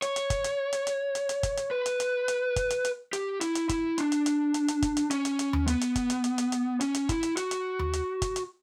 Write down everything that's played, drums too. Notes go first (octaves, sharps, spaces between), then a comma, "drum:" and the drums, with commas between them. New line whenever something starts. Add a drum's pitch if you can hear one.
C#5, drum: hi-hat
drum: hi-hat
drum: kick G1, hi-hat
drum: hi-hat
drum: hi-hat
drum: hi-hat
drum: hi-hat
drum: hi-hat
drum: kick G1, hi-hat
drum: hi-hat
B4
drum: hi-hat
drum: hi-hat
drum: hi-hat
drum: kick G1, hi-hat
drum: hi-hat
drum: hi-hat
G4, drum: hi-hat
E4, drum: hi-hat
drum: hi-hat
E4, drum: kick G1, hi-hat
D4, drum: hi-hat
drum: hi-hat
drum: hi-hat
drum: hi-hat
drum: hi-hat
drum: kick G1, hi-hat
drum: hi-hat
C#4, drum: hi-hat
drum: hi-hat
drum: hi-hat
drum: tom D#2
B3, drum: hi-hat
drum: hi-hat
drum: kick G1, hi-hat
drum: hi-hat
drum: hi-hat
drum: hi-hat
drum: hi-hat
C#4, drum: hi-hat
drum: hi-hat
E4, drum: kick G1, hi-hat
drum: hi-hat
F#4, drum: hi-hat
drum: hi-hat
drum: tom D#2
drum: hi-hat
drum: kick G1, hi-hat
drum: hi-hat